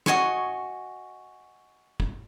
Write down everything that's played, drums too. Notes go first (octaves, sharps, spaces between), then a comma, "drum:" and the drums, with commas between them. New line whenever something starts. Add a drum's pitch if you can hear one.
F#4 D#5 G#5 C#6, drum: snare
drum: kick